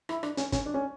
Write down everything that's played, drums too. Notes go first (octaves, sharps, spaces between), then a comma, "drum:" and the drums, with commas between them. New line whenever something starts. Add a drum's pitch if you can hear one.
E4, drum: rim click
D4, drum: rim click
C#4, drum: hi-hat
C#4, drum: kick, hi-hat
D4
C#4